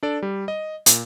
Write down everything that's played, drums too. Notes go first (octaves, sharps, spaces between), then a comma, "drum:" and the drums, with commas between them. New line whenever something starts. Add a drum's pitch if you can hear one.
D4 A4 D5
G3
D#5
A#2, drum: hi-hat